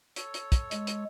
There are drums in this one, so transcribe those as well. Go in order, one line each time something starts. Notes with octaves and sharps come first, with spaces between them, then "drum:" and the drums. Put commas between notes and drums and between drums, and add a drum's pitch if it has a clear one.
A4 C#5, drum: hi-hat
drum: hi-hat
drum: kick, hi-hat
G#3, drum: hi-hat
drum: hi-hat